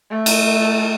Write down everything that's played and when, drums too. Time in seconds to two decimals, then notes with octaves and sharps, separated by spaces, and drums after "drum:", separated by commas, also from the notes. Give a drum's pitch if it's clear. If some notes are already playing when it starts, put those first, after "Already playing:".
0.11 A3
0.26 drum: cymbal